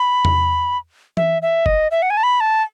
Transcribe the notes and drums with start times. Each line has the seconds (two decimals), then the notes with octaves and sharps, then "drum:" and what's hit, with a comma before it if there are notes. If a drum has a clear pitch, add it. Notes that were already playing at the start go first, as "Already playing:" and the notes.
Already playing: B5
0.25 drum: tom E2
1.17 E5, drum: tom E3
1.42 E5
1.66 D#5, drum: kick
1.91 E5
2.02 F#5
2.10 G#5
2.17 A5
2.23 B5
2.40 A5